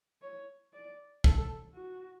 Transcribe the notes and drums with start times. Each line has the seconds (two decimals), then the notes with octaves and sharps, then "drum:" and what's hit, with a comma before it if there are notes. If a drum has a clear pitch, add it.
0.22 C#5
0.73 D5
1.24 A4, drum: kick
1.75 F#4